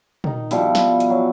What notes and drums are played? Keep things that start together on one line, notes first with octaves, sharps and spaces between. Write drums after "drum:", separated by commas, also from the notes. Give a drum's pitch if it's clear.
D#3 D#4, drum: tom
B2 F3 G3 E4, drum: hi-hat
drum: snare
drum: hi-hat
F#3